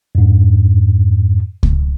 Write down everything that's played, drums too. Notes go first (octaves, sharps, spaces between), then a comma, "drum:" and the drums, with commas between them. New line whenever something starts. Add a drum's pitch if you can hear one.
F2 G#2
drum: kick C#2